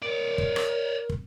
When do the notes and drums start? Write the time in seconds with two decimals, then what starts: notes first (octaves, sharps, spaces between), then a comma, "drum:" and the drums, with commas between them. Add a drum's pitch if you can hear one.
0.02 A#4 C#5 D5
0.38 drum: kick
0.56 drum: rim click
1.09 drum: kick